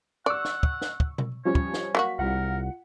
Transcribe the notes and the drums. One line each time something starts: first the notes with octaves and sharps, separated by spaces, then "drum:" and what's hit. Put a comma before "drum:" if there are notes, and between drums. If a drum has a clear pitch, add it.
D5 F#5 C#6 E6
drum: snare
drum: kick
drum: snare
drum: kick
drum: tom B2
F3 G3 C#4 C#5
drum: kick
drum: snare
F#3 A#3 F#4 B6
C2 F4 A#4 F#5